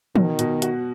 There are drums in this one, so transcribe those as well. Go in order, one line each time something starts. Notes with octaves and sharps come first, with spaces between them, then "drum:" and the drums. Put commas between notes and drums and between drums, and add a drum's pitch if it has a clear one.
B2 D#3, drum: tom E3
B2, drum: hi-hat
F#4, drum: hi-hat